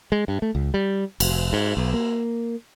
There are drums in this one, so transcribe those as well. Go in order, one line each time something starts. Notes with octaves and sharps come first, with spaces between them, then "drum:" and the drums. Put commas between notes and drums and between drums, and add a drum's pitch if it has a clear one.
G#3
G2
A3
C#2
G3
F1, drum: cymbal
G#2
B1
A#3